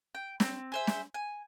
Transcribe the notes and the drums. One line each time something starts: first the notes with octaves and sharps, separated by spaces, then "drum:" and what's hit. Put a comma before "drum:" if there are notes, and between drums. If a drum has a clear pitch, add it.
G5
C4, drum: snare
G#4 C5 E5
drum: snare
G#5